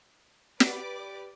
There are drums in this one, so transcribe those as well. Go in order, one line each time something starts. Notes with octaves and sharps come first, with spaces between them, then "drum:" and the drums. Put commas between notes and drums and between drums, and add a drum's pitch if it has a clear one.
G4 B4 D5 D6, drum: snare